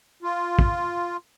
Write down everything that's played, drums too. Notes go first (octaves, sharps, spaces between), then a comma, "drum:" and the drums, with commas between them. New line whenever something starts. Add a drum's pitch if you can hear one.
F4
drum: kick